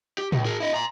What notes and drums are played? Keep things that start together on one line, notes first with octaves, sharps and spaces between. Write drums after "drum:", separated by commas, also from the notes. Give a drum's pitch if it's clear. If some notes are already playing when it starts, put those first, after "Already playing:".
G4
C#2, drum: tom A2
G#4 A#4
E4 D#5
A#5 C6